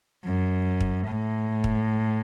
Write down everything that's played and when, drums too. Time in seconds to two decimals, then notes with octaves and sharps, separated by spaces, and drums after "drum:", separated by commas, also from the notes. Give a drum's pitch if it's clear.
0.25 F#2
0.80 drum: kick
1.08 A2
1.64 drum: kick